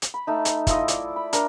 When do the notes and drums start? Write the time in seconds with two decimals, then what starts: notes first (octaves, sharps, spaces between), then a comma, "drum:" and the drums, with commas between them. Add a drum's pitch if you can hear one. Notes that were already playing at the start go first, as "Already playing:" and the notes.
0.02 drum: hi-hat
0.14 B5
0.27 A3 D#4
0.45 drum: hi-hat
0.67 E4 F4 A4 D#5, drum: kick, hi-hat
0.88 D5, drum: hi-hat
1.16 B5
1.33 D4 A#4, drum: hi-hat